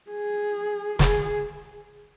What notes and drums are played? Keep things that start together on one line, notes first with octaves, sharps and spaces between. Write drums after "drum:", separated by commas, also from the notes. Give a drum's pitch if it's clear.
G#4
G#4, drum: snare